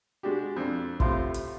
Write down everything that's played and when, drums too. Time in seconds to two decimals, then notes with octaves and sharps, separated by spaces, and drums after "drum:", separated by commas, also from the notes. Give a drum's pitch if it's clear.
0.23 G#3 D4 F#4 G4
0.56 F2 D4
1.00 A2 C3 F4 C6, drum: kick
1.34 drum: hi-hat